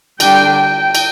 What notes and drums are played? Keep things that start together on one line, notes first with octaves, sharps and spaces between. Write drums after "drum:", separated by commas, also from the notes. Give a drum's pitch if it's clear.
D3 G3 D4 G5, drum: cymbal
G5
drum: cymbal